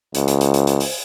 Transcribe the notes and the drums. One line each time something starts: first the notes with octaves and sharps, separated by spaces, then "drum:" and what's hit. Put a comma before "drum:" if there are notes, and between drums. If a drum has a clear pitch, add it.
C#2, drum: hi-hat
drum: hi-hat
drum: hi-hat
drum: hi-hat
drum: hi-hat
drum: open hi-hat